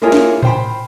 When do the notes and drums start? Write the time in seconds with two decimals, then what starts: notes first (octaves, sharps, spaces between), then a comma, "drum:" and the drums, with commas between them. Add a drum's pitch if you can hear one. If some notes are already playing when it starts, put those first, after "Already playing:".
0.02 A#3 E4 F4 G#4 A#4 C#5
0.12 drum: snare C#4
0.43 C5 G5 B5, drum: tom A2